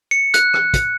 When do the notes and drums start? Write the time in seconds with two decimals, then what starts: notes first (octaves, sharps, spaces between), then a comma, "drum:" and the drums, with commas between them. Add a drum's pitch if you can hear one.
0.11 C#7
0.34 F#6, drum: hi-hat
0.54 drum: rim click
0.74 drum: kick, hi-hat